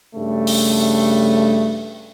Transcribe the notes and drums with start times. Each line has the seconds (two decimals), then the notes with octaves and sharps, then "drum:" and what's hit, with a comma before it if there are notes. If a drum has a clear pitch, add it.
0.15 G2 C#3 A3
0.47 drum: open hi-hat